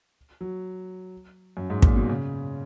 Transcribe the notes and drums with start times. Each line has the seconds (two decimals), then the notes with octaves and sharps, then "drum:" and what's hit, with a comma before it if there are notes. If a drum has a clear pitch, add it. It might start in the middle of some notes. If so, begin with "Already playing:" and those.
0.41 F#3
1.57 F#2
1.70 G#2
1.82 A#2, drum: kick
1.96 B2
2.09 C#3